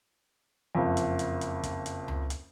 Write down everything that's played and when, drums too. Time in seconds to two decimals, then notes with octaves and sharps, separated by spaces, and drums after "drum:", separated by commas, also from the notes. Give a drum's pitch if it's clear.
0.75 F#1 F2
0.97 drum: hi-hat
1.19 drum: hi-hat
1.41 drum: hi-hat
1.63 drum: kick, hi-hat
1.86 drum: hi-hat
2.08 drum: tom C#2
2.30 drum: hi-hat